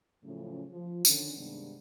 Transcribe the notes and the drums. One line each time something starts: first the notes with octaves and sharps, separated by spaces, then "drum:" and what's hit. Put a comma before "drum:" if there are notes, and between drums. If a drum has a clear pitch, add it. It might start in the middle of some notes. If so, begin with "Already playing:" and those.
A2 C#3 F3 F#3 A3 C#4
F3
D3 D#3 C#4, drum: tambourine
G2 C3 D#3 G#3 B3 D4